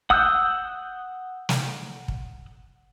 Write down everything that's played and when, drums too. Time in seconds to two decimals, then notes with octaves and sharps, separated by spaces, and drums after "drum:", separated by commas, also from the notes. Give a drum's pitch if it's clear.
0.10 F#5 D#6 E6 F#6 G6, drum: kick
1.49 drum: snare
2.08 drum: kick